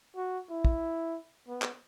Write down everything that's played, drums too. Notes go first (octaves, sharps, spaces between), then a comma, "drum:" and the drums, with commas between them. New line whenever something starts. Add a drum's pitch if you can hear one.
F#4
E4
drum: kick
B3
drum: clap